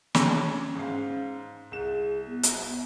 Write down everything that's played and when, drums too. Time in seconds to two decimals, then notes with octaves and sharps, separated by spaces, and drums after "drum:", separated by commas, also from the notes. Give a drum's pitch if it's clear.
0.15 C#4 C#5 A5, drum: snare
0.75 G#2 F5
1.72 C2 G#4 E7
2.26 B3
2.43 drum: hi-hat